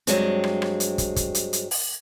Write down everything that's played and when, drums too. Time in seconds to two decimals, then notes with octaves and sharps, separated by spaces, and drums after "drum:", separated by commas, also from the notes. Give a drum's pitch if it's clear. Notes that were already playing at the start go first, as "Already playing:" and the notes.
0.07 G2 F#3 G#3 C4, drum: hi-hat
0.44 drum: rim click
0.62 drum: rim click
0.80 drum: hi-hat
0.98 drum: kick, hi-hat
1.16 drum: kick, hi-hat
1.35 drum: hi-hat
1.53 drum: hi-hat
1.71 drum: open hi-hat